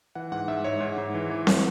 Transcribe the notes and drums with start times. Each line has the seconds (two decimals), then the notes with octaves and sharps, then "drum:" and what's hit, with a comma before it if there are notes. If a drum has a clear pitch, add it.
0.15 E3 F#5
0.32 G#2 F#5
0.48 G#2 E5
0.64 G#2 C#5
0.81 G#2
0.98 G#2
1.14 E3
1.30 E3
1.47 E3, drum: snare C4